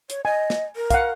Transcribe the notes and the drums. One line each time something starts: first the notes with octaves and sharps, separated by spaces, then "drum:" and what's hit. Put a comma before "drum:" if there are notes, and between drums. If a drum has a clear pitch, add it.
C#5, drum: hi-hat
D#5 G#5
drum: snare
A#4
F5 F#5, drum: kick, hi-hat